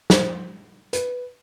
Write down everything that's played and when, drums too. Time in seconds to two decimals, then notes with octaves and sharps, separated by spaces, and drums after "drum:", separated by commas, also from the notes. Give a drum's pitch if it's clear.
0.10 C5, drum: snare
0.93 B4, drum: hi-hat